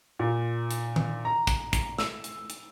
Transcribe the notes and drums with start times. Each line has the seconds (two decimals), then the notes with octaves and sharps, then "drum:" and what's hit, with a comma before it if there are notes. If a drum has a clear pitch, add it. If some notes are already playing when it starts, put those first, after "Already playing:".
0.19 A#2
0.71 drum: hi-hat
0.96 drum: tom D#3
1.25 A#5
1.47 drum: kick, hi-hat
1.73 drum: kick, hi-hat
1.98 E6, drum: snare
2.24 drum: hi-hat
2.50 drum: hi-hat